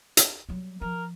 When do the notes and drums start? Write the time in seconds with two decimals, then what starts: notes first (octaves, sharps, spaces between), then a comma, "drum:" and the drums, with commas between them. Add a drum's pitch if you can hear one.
0.17 drum: hi-hat
0.49 F#3 G3
0.81 F3 A#4